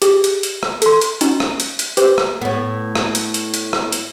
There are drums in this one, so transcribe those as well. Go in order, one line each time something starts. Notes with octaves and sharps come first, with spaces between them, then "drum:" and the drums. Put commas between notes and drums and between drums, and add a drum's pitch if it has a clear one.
G4 G#4, drum: hi-hat
drum: hi-hat
drum: hi-hat
drum: rim click
A4 C6, drum: hi-hat
drum: hi-hat
C#4 D#4 F#4, drum: hi-hat
drum: rim click
drum: hi-hat
drum: hi-hat
G4 B4 C5, drum: hi-hat
drum: rim click
A2 B3
drum: rim click
drum: hi-hat
drum: hi-hat
drum: hi-hat
drum: rim click
drum: hi-hat